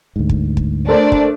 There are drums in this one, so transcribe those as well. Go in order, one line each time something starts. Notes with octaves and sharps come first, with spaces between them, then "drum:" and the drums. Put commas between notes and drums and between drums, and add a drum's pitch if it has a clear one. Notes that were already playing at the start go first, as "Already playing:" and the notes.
D2 G#2
drum: kick
drum: kick
A3 D4 A4 A#4 C5
drum: kick